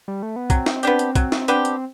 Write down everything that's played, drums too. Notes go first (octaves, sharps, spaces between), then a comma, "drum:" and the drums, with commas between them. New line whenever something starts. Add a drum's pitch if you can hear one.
G3
A3
B3
F#3 C4, drum: kick, hi-hat
drum: snare
B3 D4 G4, drum: hi-hat
drum: hi-hat
F#3, drum: kick, hi-hat
drum: snare
B3 D4 G4, drum: hi-hat
drum: hi-hat